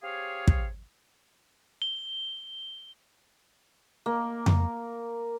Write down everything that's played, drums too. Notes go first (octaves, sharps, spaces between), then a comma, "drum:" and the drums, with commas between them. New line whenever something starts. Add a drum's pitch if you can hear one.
C4 G4 G#4 C#5 F5
drum: kick
G7
A#3
drum: tom F2